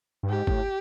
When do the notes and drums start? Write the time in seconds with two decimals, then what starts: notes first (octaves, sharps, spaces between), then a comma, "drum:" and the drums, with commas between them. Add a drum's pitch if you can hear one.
0.23 G2
0.30 G#2 G4
0.47 A2, drum: kick G1